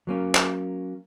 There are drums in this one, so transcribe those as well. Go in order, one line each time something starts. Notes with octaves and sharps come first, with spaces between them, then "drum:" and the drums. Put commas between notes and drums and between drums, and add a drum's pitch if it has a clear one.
F#3 A#3 C#4
drum: clap